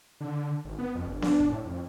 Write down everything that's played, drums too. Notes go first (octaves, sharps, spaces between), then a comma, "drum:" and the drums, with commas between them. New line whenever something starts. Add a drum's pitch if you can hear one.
D3
G#1
B3
F2
G1
D4, drum: snare B3
drum: kick
A2
F2